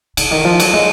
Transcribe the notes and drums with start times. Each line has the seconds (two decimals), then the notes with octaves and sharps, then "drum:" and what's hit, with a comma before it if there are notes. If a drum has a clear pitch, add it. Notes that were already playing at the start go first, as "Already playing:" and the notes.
0.17 C#3, drum: cymbal
0.31 D#3
0.45 F3
0.60 F#3, drum: cymbal
0.74 G#3